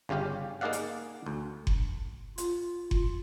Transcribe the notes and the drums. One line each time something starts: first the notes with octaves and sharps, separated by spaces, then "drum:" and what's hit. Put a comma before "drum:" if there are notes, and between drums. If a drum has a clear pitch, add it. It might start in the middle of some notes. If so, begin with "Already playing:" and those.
G1 C#3 C#4 G4 F5
A#3 D#4 G#4 D5 F5 F#5
drum: hi-hat
D2
drum: kick F#1
F4, drum: hi-hat
drum: kick F#1